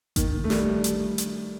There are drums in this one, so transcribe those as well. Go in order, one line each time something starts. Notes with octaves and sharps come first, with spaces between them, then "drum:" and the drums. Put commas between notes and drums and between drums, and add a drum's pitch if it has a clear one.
D#3, drum: kick G#1, hi-hat
A3
G3, drum: snare
drum: hi-hat
drum: hi-hat